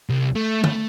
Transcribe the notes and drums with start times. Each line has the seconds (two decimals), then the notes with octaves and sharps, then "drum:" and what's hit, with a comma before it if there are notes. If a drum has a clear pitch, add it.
0.10 C2
0.36 A3
0.64 A3, drum: tom